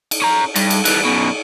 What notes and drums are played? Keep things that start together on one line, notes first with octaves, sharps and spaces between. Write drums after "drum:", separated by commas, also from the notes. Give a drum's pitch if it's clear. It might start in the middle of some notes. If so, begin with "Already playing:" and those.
drum: cymbal
C#4 A#5
G2, drum: cymbal
drum: cymbal
E3 G3, drum: cymbal
F#2 B2